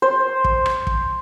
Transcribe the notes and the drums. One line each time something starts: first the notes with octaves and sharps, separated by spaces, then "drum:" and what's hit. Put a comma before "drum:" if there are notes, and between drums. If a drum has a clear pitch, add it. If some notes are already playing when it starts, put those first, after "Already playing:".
C5
drum: kick
drum: rim click
drum: kick